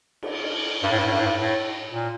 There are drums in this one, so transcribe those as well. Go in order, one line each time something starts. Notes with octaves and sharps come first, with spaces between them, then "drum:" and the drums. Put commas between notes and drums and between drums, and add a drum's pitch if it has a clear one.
drum: cymbal
G2
A2
G2
A2
G2
A2
G2
A2
A#2